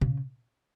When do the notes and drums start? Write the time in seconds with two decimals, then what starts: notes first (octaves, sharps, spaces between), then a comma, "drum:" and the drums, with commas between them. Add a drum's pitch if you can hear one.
0.01 C#3, drum: tom A#2